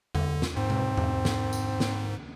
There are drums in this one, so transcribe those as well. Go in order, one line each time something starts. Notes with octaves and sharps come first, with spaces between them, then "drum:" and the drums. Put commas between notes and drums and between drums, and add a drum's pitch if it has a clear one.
D3, drum: tom E2
drum: snare
G#2 C4
drum: tom B2
drum: tom E2
drum: snare
drum: tambourine
drum: snare